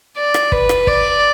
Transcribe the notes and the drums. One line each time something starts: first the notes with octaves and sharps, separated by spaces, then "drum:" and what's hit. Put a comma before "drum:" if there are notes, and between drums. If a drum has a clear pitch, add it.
D5
drum: rim click
B4, drum: kick
drum: rim click
D5, drum: kick